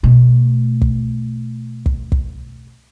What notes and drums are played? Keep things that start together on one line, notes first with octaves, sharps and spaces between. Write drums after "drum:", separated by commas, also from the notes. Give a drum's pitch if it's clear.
B2 A3
drum: kick
drum: kick
drum: kick